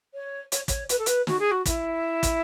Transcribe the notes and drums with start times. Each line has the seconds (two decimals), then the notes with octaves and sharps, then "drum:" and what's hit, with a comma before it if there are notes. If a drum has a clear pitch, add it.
0.14 C#5
0.52 C#5, drum: hi-hat
0.68 C#5, drum: kick, hi-hat
0.89 B4, drum: hi-hat
0.98 A4
1.06 B4, drum: hi-hat
1.27 F#4, drum: snare
1.39 G#4
1.51 F#4
1.66 E4, drum: kick, hi-hat
2.23 drum: kick, hi-hat